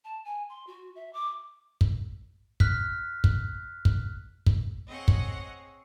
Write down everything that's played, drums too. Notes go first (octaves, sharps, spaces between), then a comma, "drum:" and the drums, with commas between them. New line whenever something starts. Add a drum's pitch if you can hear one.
A5
G#5
C6
F#4
E5
D6
drum: kick
F6 F#6 B6, drum: kick
drum: kick
drum: kick
drum: kick
C4 G#4 C#5 D#5 F#5
drum: kick